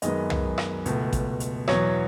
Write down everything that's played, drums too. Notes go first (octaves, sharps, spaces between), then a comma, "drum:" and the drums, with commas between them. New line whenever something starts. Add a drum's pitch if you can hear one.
F#2 D#3 G#3 B3 D#5, drum: hi-hat
drum: tom
drum: rim click
C#2 B2 A3, drum: hi-hat
drum: kick A1, hi-hat
drum: hi-hat
E2 B2 F#3 C#5, drum: rim click